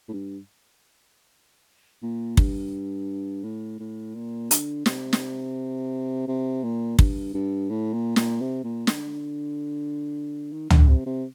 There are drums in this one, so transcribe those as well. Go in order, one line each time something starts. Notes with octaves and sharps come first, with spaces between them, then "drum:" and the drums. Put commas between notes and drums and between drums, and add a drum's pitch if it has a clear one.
A2
G2
A#2
G2, drum: kick
A2
A2
A#2
D3, drum: hi-hat
C3, drum: snare
drum: snare
C3
A#2
G2, drum: kick
G2
A2
A#2
A#2, drum: snare
C3
A#2
D3, drum: snare
D#3
D3, drum: tom
C3
C3